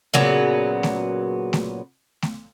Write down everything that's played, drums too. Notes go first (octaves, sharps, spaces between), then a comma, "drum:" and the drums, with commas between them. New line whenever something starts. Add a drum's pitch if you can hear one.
A#2 C#3 F#3 B3, drum: snare A3
drum: snare A3
drum: snare A3
drum: snare A3